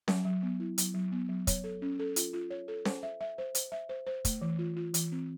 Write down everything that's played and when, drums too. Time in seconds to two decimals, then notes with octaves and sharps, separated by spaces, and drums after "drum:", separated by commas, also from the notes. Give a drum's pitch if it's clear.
0.08 F#3, drum: snare C#4
0.25 F#3
0.43 B3
0.60 E4
0.78 F#3, drum: hi-hat
0.94 F#3
1.12 B3
1.29 F#3
1.47 C#5, drum: kick, hi-hat
1.64 A4
1.82 C#4
1.99 A4
2.16 F4, drum: hi-hat
2.33 F4
2.50 C#5
2.68 A4
2.85 C5, drum: snare C#4
3.03 E5
3.21 E5
3.38 C5
3.55 C5, drum: hi-hat
3.72 E5
3.89 C5
4.07 C5
4.25 A3, drum: kick, hi-hat
4.41 E3
4.59 F4
4.77 F4
4.94 E3, drum: hi-hat
5.12 C4